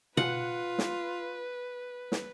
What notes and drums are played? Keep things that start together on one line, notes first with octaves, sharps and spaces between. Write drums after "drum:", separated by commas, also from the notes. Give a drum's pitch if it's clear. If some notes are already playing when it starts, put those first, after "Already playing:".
F4 B4 F#5, drum: tom B2
drum: snare
drum: snare